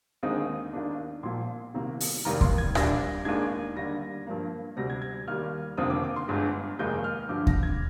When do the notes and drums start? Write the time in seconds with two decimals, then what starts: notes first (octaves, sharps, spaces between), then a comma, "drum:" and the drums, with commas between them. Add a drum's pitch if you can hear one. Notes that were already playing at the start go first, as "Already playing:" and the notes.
0.23 D#2 D3 G#3 C4 D#4 D#6
0.73 D#2 D#3 A#3 D4
1.23 A#1 A#2 F3 C6
1.74 C2 C3 D#3 A#3
2.00 drum: open hi-hat
2.25 F1 D#2 D#3 G3 A#3 A#5
2.41 C6, drum: kick D#2
2.58 G#6
2.75 A#1 A#2 G3 D4 A#6, drum: rim click
3.25 D#2 D#3 G#3 D4 G#6
3.76 D#2 D3 G3 A#6
4.27 G2 F3 A#3
4.76 D2 C3 G3 C4 A#6
4.90 G#6
5.02 G#6
5.27 D#2 D#3 G3 F6
5.78 F1 D#2 D3 F3 C4 D#6
5.90 D6
6.04 D6
6.16 C6
6.28 G1 G2 D3 G#3
6.79 F1 D#2 D#3 G#3 G6
7.04 F6
7.29 G2 D3 F3 D6
7.47 A#6, drum: kick D#2
7.63 G#6